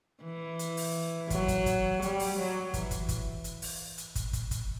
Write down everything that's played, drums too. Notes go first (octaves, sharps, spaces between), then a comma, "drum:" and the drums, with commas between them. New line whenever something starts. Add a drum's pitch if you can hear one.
E3
drum: hi-hat
drum: open hi-hat
F#3, drum: kick, hi-hat
drum: kick, hi-hat
drum: kick, hi-hat
G3, drum: hi-hat
drum: open hi-hat
F#3
E3, drum: kick, hi-hat
drum: kick, hi-hat
drum: kick, hi-hat
drum: hi-hat
drum: open hi-hat
drum: hi-hat
drum: kick, hi-hat
drum: kick, hi-hat
drum: kick, hi-hat